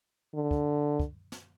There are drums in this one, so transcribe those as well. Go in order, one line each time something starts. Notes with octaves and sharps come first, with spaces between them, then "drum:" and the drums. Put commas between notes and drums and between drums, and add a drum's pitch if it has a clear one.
D3
drum: kick
drum: kick
drum: snare